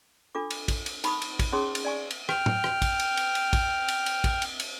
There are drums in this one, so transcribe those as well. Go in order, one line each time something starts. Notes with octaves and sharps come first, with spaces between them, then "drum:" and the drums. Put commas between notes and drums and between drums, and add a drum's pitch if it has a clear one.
D4 F4 A4 D6
drum: cymbal
drum: kick, cymbal
drum: cymbal
D#4 B5 C#6 D#6, drum: cymbal
drum: cymbal
drum: kick, cymbal
C#4 D#4 G#4 C#5 C6 D#6
drum: cymbal
D5 G#5 C#6
drum: cymbal
G5 F6, drum: rim click
drum: tom A2
drum: rim click
drum: kick, cymbal
drum: cymbal
drum: cymbal
drum: cymbal
drum: kick, cymbal
drum: cymbal
drum: cymbal
drum: kick, cymbal
drum: cymbal
drum: cymbal